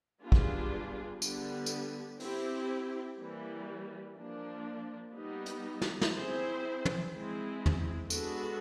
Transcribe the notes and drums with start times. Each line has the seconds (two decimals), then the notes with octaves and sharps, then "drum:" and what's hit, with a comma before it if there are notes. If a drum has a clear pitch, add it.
0.23 G3 B3 D4 F4 G#4
0.32 drum: kick
1.22 D3 G3 B3, drum: tambourine
1.66 drum: tambourine
2.20 C4 E4 G4, drum: open hi-hat
3.18 E3 G3 A#3
4.17 F3 A#3 D4
5.15 G3 B3 D#4
5.46 drum: hi-hat
5.82 drum: snare
6.01 drum: snare
6.14 C4 E4 G#4 C5
6.85 drum: tom
7.12 G#3 C4 E4
7.66 drum: tom
8.10 G#3 B3 D4 F#4 A4, drum: tambourine